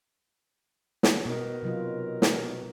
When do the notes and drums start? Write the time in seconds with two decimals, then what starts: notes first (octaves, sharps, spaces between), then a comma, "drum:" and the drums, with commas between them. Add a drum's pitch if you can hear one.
1.03 drum: snare
1.26 B2 D#3 A#4
1.63 C3 F#3 F4
2.22 drum: snare